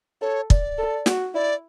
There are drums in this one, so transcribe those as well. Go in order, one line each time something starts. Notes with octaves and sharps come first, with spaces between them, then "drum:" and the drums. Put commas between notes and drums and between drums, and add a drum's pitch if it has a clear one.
A4 C#5
D5, drum: kick
A4
F#4, drum: snare
E4 D5